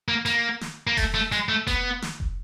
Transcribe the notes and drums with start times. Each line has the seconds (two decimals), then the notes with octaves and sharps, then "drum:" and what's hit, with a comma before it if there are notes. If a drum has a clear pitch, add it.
0.08 A#3
0.26 A#3, drum: hi-hat
0.61 drum: snare
0.87 A#3
0.97 A3, drum: kick F1, open hi-hat
1.14 A3
1.32 G#3, drum: hi-hat
1.49 A3
1.67 B3, drum: kick F1, hi-hat
2.02 drum: snare
2.20 drum: kick F1